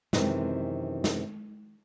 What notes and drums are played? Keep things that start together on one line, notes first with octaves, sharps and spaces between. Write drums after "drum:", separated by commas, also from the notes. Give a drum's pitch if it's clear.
F#2 C3 D#3 E3 G#3 C4, drum: snare
drum: snare